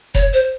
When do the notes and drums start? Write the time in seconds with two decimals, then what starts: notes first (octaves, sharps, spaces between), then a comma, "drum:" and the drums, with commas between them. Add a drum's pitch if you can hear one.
0.15 C#5, drum: kick F1, hi-hat
0.33 C5